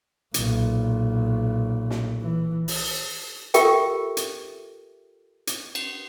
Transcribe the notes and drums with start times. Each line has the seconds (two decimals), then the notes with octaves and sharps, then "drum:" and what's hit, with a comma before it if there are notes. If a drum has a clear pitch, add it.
0.34 B1 A#2, drum: hi-hat
1.91 drum: snare
2.21 E3
2.68 drum: open hi-hat
3.54 F4 G4 A4 A#4 E5 G5, drum: hi-hat
4.17 drum: hi-hat
5.47 drum: hi-hat
5.75 drum: cymbal